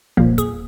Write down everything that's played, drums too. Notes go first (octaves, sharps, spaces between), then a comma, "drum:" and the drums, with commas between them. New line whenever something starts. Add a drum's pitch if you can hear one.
C2 A#2 F3 A#3, drum: kick
G#4, drum: kick, hi-hat